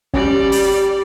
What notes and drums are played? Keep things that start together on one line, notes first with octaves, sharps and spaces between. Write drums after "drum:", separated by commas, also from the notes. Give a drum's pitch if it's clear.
G3 C#4 D5, drum: kick
drum: open hi-hat